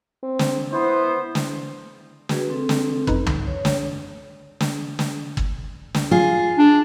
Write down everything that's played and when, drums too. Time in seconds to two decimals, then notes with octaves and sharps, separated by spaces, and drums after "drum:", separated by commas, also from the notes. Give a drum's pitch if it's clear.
0.23 C4
0.39 drum: snare
0.73 B3 E4 C5
1.35 drum: snare
2.29 F#4 G#4 B4, drum: snare
2.50 C4 A4
2.69 drum: snare
3.07 F#2 D#4 B4, drum: kick
3.26 drum: tom
3.47 C#5
3.65 drum: snare
4.60 drum: snare
4.99 drum: snare
5.37 drum: kick
5.94 drum: snare
6.11 F4 G#4
6.58 D4